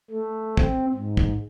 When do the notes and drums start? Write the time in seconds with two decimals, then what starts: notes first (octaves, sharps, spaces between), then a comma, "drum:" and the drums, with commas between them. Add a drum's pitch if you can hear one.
0.10 A3
0.57 C4, drum: kick
0.94 G#2
1.17 drum: kick